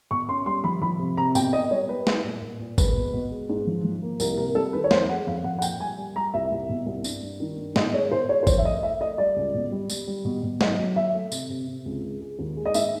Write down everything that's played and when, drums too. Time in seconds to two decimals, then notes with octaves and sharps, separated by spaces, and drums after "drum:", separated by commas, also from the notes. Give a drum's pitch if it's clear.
0.11 B2 C#6
0.28 C#4 C6
0.46 G3 C6
0.64 F3 B5
0.82 F3 B5
0.99 C3
1.17 C3 A#5
1.35 B2 G5, drum: tambourine
1.53 B3 D#5
1.71 G3 C#5
1.89 G3 B4
2.07 G3, drum: snare
2.24 A#2
2.42 A#2
2.59 A#2
2.78 G#3 B4, drum: kick, tambourine
2.95 B2
3.13 B2
3.31 G#3
3.49 G#2
3.67 F3
3.84 F3
4.02 A#3
4.20 C2 A#4, drum: tambourine
4.37 C3 A#4
4.55 G3 A4
4.73 D#3 B4
4.84 C#5
4.91 F2 C5, drum: snare
5.09 G#3 F#5
5.27 F2 F5
5.44 F2 F#5
5.58 F#5
5.62 A#2 G5, drum: tambourine
5.80 G3 G#5
5.98 G3
6.16 G3 A#5
6.34 C2 E5
6.52 C2
6.69 B2
6.86 C2
7.04 G2, drum: tambourine
7.22 G2
7.40 D#3
7.58 G2
7.76 B2 D#5, drum: snare
7.94 G#3 C#5
8.12 B2 C5
8.29 G#3 C#5
8.43 C5
8.47 F3 C#5, drum: kick, tambourine
8.58 E5
8.65 A3 D#5
8.83 A3 E5
9.00 A3 D#5
9.18 G3 D5
9.36 C#2
9.54 B2
9.72 G3
9.90 G3, drum: tambourine
10.07 G3
10.25 B2
10.43 B2
10.61 F#3 D#5, drum: snare
10.79 F#3
10.96 F#3 E5
11.14 A3
11.32 C3, drum: tambourine
11.50 C3
11.67 C3
11.86 C#2
12.03 G#3
12.21 G#3
12.39 D#2
12.57 G#3
12.66 D#5
12.74 G#2 E5, drum: tambourine